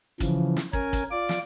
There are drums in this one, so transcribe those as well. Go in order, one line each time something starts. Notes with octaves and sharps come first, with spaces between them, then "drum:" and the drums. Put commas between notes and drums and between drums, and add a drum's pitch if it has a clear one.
C#3 E3 F3, drum: kick, hi-hat
drum: snare
C#4 A#4 G#5, drum: kick
drum: kick, hi-hat
F4 D5 D6
drum: snare